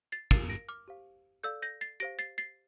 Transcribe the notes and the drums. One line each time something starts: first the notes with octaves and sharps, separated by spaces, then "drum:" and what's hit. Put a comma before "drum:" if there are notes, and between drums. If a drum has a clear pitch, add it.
A6 C7
A#4 F5 A6 C7, drum: kick
A#6 D7
D6 F6
G4 C5 F5
A4 D5 F5 E6 G6
G6 A#6
A6 C7
G4 C5 F5 A#6 D7
A6 C7
A6 C7